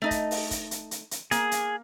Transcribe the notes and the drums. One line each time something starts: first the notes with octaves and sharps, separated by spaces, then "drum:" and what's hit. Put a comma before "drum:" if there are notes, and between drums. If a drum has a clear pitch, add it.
A3 D#4 D#5
drum: kick, hi-hat
drum: open hi-hat
drum: kick, hi-hat
drum: hi-hat
drum: hi-hat
drum: hi-hat
A#3 G#4, drum: hi-hat
drum: hi-hat